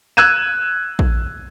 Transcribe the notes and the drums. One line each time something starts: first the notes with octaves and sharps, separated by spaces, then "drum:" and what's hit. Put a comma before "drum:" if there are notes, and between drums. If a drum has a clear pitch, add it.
E6 F#6 G#6 D#7 E7
drum: kick